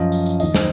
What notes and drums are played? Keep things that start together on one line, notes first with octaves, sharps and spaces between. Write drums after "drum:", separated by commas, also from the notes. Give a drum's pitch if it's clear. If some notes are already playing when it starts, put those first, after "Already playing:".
Already playing: F#2 F3 D#5
drum: tambourine
drum: tambourine
D#2 D#3 D#5, drum: tambourine
C5, drum: snare